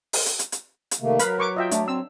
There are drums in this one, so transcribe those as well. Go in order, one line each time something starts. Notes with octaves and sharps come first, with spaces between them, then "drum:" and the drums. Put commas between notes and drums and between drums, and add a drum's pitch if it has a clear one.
drum: open hi-hat
drum: hi-hat
drum: hi-hat
drum: hi-hat
drum: hi-hat
C3 D#3 A3 A#3
F#3 A#4 B4 F5 B5, drum: hi-hat
B4 C#6 D6
F4 D#5 E5 G5
A3 D4, drum: hi-hat
C4 E6